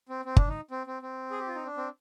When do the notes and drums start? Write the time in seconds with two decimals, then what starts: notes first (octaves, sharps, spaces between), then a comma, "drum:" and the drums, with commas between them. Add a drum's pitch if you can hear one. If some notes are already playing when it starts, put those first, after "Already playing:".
0.09 C4
0.25 C4
0.37 D4, drum: kick G1
0.49 D#4
0.71 C4
0.87 C4
1.03 C4
1.31 G#4
1.39 G4
1.48 F4
1.55 D#4
1.65 D4
1.77 C4